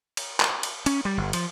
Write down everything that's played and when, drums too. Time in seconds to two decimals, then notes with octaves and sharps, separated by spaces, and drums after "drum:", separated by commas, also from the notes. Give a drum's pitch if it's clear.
0.17 drum: cymbal
0.40 drum: clap
0.63 drum: cymbal
0.86 C#4, drum: cymbal
1.05 G3
1.17 G1
1.33 F3, drum: cymbal